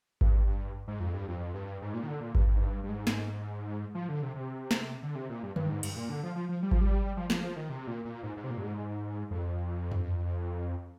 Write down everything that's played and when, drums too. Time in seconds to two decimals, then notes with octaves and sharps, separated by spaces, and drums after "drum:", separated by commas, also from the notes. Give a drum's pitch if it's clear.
0.21 G2, drum: kick G#1
0.47 G2
0.88 G#2
1.00 F2
1.14 G2
1.28 F2
1.54 G2
1.82 G#2
1.94 A#2
2.03 D#3
2.08 D3
2.21 A#2
2.35 G2, drum: kick G#1
2.56 G#2
2.61 G2
2.83 G2
2.89 G#2
3.07 drum: snare
3.95 F3
4.09 D3
4.23 C3
4.36 C3
4.71 drum: snare
5.03 D3
5.15 C3
5.30 A#2
5.43 G2
5.56 G2, drum: tom D3
5.69 G#2
5.83 G2, drum: cymbal
5.96 A#2
6.09 D3
6.23 F3
6.35 F3
6.49 F3
6.63 G3
6.71 F3, drum: kick G#1
6.81 G3
7.17 F3
7.30 F3, drum: snare
7.43 F3
7.56 D#3
7.70 C3
7.87 A#2
8.05 A#2
8.23 G#2
8.37 G#2
8.44 C3
8.50 A#2
8.58 G2
8.63 G#2
9.31 F2
9.92 drum: tom F#2